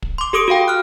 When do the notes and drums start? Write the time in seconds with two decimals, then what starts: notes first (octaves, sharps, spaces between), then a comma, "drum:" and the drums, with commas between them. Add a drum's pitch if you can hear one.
0.02 drum: kick
0.18 C6 D6
0.33 G4 A4 D6 D#6 D7
0.48 F#4 A4 F5 G5
0.68 F6 F#6